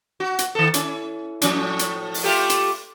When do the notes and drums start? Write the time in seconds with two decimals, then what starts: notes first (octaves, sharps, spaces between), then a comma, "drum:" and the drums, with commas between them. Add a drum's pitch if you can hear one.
0.20 F#4
0.39 drum: hi-hat
0.55 D#3 A4
0.74 C#4 E4, drum: hi-hat
1.42 A2 F3 C#4, drum: hi-hat
1.79 drum: hi-hat
2.14 drum: open hi-hat
2.24 A3 F4 G4
2.50 drum: hi-hat